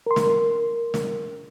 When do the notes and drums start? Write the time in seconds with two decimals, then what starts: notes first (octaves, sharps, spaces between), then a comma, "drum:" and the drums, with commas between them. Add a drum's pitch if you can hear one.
0.06 A#4 C6
0.16 drum: snare
0.94 drum: snare